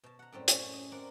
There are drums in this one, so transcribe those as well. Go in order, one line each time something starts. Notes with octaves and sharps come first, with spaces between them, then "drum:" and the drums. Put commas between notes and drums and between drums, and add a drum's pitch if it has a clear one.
B2 A5
F#5 A#5
F#2 A2 G3 C4
F#2 C#4, drum: hi-hat
D#5
C4 A#4 D5 F#5